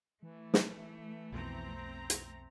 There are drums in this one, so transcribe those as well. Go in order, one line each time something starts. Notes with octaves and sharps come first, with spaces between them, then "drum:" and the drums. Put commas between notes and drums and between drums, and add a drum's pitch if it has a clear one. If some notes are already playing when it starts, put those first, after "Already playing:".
E3 A3
drum: snare
B1 F2 B2 C4 A#5
drum: hi-hat